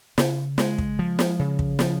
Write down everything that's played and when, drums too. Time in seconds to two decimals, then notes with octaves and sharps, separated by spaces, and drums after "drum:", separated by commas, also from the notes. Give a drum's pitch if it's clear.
0.18 C#3, drum: snare
0.58 G#3, drum: snare
0.78 drum: kick
0.99 F3
1.19 drum: snare
1.39 C#3
1.59 drum: kick
1.79 F3, drum: snare